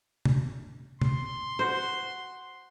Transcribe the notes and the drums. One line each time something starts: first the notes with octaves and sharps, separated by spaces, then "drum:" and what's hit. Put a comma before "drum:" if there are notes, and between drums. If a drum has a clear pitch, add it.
drum: tom
C6, drum: tom
F#4 C5